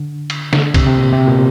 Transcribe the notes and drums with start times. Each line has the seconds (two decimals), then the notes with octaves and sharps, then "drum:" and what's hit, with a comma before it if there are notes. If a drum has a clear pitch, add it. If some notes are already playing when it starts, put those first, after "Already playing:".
Already playing: D3
0.30 drum: cymbal
0.53 D3, drum: snare D3
0.74 C3, drum: kick, cymbal
0.86 C3
0.98 A#2
1.12 C3
1.27 A#2